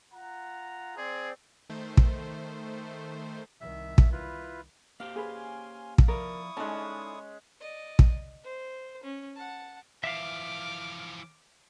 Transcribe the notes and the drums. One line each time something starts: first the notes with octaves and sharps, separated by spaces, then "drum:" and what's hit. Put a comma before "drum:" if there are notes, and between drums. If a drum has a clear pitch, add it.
F4 F#5 A#5
C4 G#4 C5 D5
D#3 A3 C5
drum: kick
C2 D#3 E5
drum: kick
E4 F4 B4
A#3 G4 C5 F5
C#4 G#4 B4 G#5 C6
drum: kick
F3 E4 A#4 D5 C#6 D#6
G#3 C#4 D#4 A4 D5 G#5 A5
D5 D#5
drum: kick
C5
C#4
F#5 A5
E3 F3 E5 F5 D6 F6